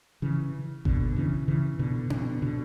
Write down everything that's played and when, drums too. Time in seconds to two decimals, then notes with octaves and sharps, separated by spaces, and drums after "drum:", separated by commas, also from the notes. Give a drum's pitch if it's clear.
0.22 C#3 E3
0.85 B2 D3, drum: kick G1
1.16 C#3 E3
1.48 C#3 E3
1.79 B2 D3
2.10 B2 D3, drum: tom C4
2.42 B2 D3